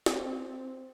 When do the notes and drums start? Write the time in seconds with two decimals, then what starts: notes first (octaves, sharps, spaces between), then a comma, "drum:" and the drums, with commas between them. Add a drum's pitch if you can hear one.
0.06 C4, drum: snare